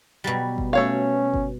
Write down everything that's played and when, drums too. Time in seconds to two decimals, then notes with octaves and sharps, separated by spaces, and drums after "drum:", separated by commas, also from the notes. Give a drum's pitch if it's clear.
0.24 B2 F#3 G3
0.58 drum: kick G1
0.73 A3 C#4 C#5 F5
1.34 drum: kick G1